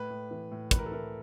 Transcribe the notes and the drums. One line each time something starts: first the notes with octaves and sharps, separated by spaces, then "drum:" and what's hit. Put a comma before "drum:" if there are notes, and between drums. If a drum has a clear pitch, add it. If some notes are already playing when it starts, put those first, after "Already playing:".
Already playing: A2 B4
A2
E3
A2
E3 B4, drum: kick, hi-hat
A#4
A4
E3 A#4